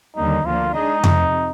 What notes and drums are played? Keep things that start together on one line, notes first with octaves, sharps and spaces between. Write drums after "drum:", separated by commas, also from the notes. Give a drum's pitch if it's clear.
D#2 D3 G3 A#3 D#4
D2 D3 F3 A#3 F4
G#3 D4 D#4 G#4 D#5
F2 C3 F3, drum: tom F2